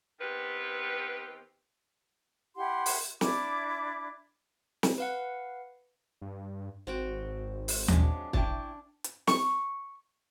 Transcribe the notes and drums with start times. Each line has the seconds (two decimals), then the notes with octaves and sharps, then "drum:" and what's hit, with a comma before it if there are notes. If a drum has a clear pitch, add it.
0.20 D#3 B3 C4 G4 B4
2.56 E4 G4 F#5 C6
2.86 drum: open hi-hat
3.21 D4 E4 D6, drum: snare
4.83 drum: snare
4.98 B4 F5 F#5
6.22 G2
6.87 G#1 C4 F#4 G5
7.68 drum: open hi-hat
7.88 F2 F#3 G#3 C#4 D4, drum: tom D#2
8.33 C#4 D4 E4 G5 A5, drum: kick
9.04 drum: hi-hat
9.27 C#6, drum: snare